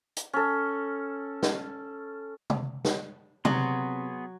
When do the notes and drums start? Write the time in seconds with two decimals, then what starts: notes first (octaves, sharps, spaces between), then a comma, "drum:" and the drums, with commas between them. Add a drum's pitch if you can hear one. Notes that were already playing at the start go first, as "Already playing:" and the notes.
0.17 drum: hi-hat
0.33 C#4 A4
1.43 drum: snare
2.50 drum: tom
2.85 drum: snare
3.45 C3 F#3 B3 G#4 C6, drum: tom